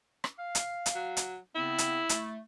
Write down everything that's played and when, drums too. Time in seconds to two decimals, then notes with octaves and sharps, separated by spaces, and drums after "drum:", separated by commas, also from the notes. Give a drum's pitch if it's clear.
0.24 drum: rim click
0.39 F5
0.55 drum: hi-hat
0.86 drum: hi-hat
0.95 F#3
1.17 drum: hi-hat
1.55 C#3 B3 C4 E4
1.78 drum: hi-hat
2.09 A3, drum: hi-hat